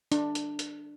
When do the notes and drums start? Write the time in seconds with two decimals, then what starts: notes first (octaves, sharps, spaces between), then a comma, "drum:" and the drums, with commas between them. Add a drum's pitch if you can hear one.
0.12 D4, drum: hi-hat
0.35 drum: hi-hat
0.59 drum: hi-hat